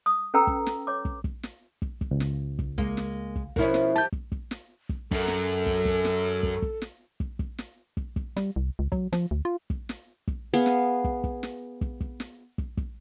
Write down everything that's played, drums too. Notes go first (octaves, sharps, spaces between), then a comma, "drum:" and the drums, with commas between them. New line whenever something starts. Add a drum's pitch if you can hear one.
D#6
C#4 A4 B4 G5 A#5 E6
drum: kick
drum: snare
C#5 D6
drum: kick
drum: kick
drum: snare
drum: kick
drum: kick
C#2
drum: snare
drum: kick
G#3 A#3, drum: kick
drum: snare
drum: kick
B2 F3 C#4 E4 A#4, drum: kick
drum: snare
G4 A5 G6
drum: kick
drum: kick
drum: snare
drum: kick
F#2 A4, drum: kick
drum: snare
drum: kick
drum: kick
drum: snare
drum: kick
drum: kick
drum: snare
drum: kick
drum: kick
drum: snare
drum: kick
drum: kick
G3, drum: snare
C2
C#2
F#3, drum: kick
F3, drum: snare
D2
F4
drum: kick
drum: snare
drum: kick
B3 G#4 F5
drum: snare
drum: kick
drum: kick
drum: snare
drum: kick
drum: kick
drum: snare
drum: kick
drum: kick